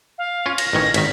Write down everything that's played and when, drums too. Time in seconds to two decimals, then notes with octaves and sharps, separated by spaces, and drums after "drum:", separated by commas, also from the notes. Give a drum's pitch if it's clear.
0.18 F5
0.46 C#4 F4
0.58 A#6, drum: cymbal
0.73 A1 D#3 C#4
0.94 G#1 D#3 B6, drum: cymbal